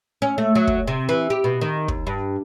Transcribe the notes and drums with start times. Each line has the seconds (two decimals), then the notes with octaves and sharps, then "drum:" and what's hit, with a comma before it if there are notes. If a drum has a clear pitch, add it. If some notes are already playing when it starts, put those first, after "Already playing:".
0.22 C#4
0.38 A3
0.55 F#3
0.67 drum: kick
0.88 C3
1.09 E3
1.30 G4
1.44 B2
1.61 D#3
1.88 D#2, drum: kick
2.07 G2